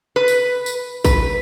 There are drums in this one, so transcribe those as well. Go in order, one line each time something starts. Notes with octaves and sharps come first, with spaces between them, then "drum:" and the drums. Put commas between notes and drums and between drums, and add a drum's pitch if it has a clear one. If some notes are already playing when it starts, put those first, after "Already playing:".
B4
drum: tambourine
drum: tambourine
B4, drum: kick, tambourine